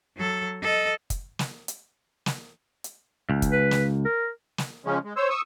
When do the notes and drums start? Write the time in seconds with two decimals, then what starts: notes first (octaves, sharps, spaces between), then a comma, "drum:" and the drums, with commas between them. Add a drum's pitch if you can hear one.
0.16 F#3 A4
0.63 A4 D#5
1.10 drum: kick, hi-hat
1.39 drum: snare
1.68 drum: hi-hat
2.26 drum: snare
2.84 drum: hi-hat
3.30 C#2
3.42 drum: kick, hi-hat
3.52 B4
3.71 drum: snare
4.05 A#4
4.58 drum: snare
4.85 C#3 F3 G#3 C#4
5.04 G#3
5.16 C5 C#5 E6
5.30 C#6 D#6 E6